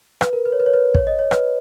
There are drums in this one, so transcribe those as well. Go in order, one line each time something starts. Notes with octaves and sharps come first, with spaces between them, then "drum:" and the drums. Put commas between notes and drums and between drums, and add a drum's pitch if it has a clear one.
B4, drum: rim click
A#4
B4
C#5
B4
C#5
B4
C#5, drum: kick
D#5
C#5
B4, drum: rim click